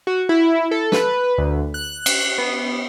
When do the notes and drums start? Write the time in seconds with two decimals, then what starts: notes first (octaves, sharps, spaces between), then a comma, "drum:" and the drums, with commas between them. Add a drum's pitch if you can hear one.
0.07 F#4
0.29 E4
0.71 A4
0.92 B4, drum: snare
1.38 D2
1.74 F#6
2.06 drum: cymbal
2.38 B3